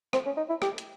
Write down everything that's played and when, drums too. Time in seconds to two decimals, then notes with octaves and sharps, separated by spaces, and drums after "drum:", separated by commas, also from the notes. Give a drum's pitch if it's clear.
0.13 C4, drum: rim click
0.26 C#4
0.37 D#4
0.50 E4
0.62 G4, drum: rim click
0.78 drum: hi-hat